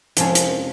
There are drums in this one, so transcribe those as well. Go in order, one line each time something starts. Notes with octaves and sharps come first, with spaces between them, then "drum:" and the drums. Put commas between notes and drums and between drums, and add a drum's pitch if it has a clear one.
F2 C3 F3 G#3 C#4, drum: hi-hat
drum: hi-hat